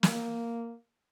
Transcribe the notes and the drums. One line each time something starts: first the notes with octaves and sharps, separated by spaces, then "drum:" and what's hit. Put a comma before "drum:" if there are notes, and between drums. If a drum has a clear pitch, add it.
A#3, drum: snare